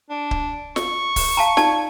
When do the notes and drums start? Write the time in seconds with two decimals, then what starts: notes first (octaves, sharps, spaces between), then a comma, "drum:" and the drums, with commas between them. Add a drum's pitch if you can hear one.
0.10 D4
0.31 drum: kick C#1
0.76 C#6, drum: snare
1.16 drum: kick C#1, open hi-hat
1.37 F5 A5 A#5
1.57 D#4 D5 A5, drum: snare